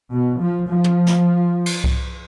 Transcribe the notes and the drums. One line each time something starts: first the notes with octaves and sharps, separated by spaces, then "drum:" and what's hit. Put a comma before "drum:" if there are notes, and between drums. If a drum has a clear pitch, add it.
B2
F3
F3
drum: tom
drum: snare
drum: cymbal
drum: kick C2